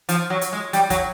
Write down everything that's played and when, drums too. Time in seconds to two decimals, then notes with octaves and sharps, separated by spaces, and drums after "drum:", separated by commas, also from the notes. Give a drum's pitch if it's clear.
0.09 F3, drum: hi-hat
0.30 F#3
0.41 drum: hi-hat
0.53 G#3
0.73 G3, drum: hi-hat
0.90 F#3, drum: kick, hi-hat